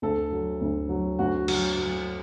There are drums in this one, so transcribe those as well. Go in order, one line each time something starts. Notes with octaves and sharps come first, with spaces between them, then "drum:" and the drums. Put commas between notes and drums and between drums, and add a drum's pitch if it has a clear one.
D2 A4
F#3
D2
F#3
D2 F#4
F#3, drum: cymbal
F#3